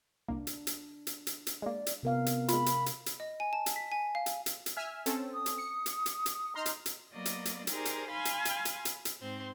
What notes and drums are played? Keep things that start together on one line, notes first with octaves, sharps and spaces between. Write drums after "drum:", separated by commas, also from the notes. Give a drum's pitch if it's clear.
C2 A#3 D4
drum: hi-hat
drum: hi-hat
drum: hi-hat
drum: hi-hat
drum: hi-hat
G#3 A#3 D5
drum: hi-hat
C3 B3 A#4 F5
drum: hi-hat
G#3 F4 B5, drum: hi-hat
drum: hi-hat
drum: hi-hat
drum: hi-hat
D#5
G#5
A5
drum: hi-hat
B6
G#5
F5
drum: hi-hat
drum: hi-hat
drum: hi-hat
E5 G#5 F6
C4 C#4 A4, drum: hi-hat
D#6
drum: hi-hat
C#7
drum: hi-hat
drum: hi-hat
drum: hi-hat
D#4 A#5 C6 F6
drum: hi-hat
drum: hi-hat
F#3 A#3 B3 D5 D#5
drum: hi-hat
drum: hi-hat
D#4 G4 G#4 A#4 C5 D5, drum: hi-hat
drum: hi-hat
F5 G#5 B5 C6 F6
drum: hi-hat
drum: hi-hat
drum: hi-hat
drum: hi-hat
drum: hi-hat
G#2 C4 C6